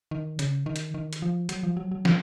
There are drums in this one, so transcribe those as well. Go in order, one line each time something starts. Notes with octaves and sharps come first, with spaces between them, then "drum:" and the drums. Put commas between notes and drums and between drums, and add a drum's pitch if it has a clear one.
D#3
C#3, drum: hi-hat
D#3
drum: hi-hat
D#3
drum: hi-hat
F3
F#3, drum: hi-hat
F3
F#3
F#3
F3, drum: snare